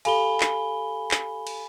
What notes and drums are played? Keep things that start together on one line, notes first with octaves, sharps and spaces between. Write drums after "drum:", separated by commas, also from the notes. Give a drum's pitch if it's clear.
G4 A4 F5 G#5 B5 G7, drum: cymbal
drum: clap
drum: clap
drum: cymbal